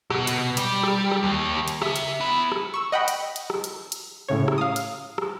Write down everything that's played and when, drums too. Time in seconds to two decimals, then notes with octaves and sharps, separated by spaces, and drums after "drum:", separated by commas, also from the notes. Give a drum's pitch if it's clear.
0.10 B2, drum: rim click
0.27 drum: hi-hat
0.57 G3, drum: hi-hat
0.83 drum: rim click
1.12 drum: rim click
1.23 D#2
1.68 drum: hi-hat
1.82 G4 E5, drum: rim click
1.96 drum: hi-hat
2.21 B3 E4
2.52 drum: rim click
2.74 C#6 E6
2.92 D#5 F#5 G5 B5
3.08 drum: hi-hat
3.36 drum: hi-hat
3.50 drum: rim click
3.64 drum: hi-hat
3.92 drum: hi-hat
4.28 A2 C#3 C#5
4.48 drum: rim click
4.58 F5 D#6
4.76 drum: hi-hat
5.18 drum: rim click